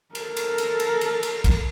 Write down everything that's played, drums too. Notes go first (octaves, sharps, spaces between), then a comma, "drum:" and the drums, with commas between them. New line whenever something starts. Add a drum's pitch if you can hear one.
A4 A#4, drum: cymbal
drum: cymbal
drum: cymbal
drum: cymbal
drum: cymbal
drum: cymbal
drum: kick, cymbal